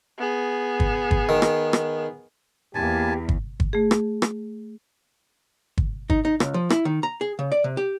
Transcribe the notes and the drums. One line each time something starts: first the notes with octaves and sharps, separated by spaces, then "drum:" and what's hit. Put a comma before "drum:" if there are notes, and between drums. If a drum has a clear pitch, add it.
B3 G#4
drum: kick
drum: kick
D#3
drum: rim click
drum: rim click
E2 A#3 G4 G#5 A5
drum: kick
drum: kick
A3 G#4
drum: rim click
drum: rim click
drum: kick
D#4, drum: kick
D#4
C#2, drum: rim click
F3
E4, drum: rim click
D#3
A#5
G#4
C#3
D5
C3
G4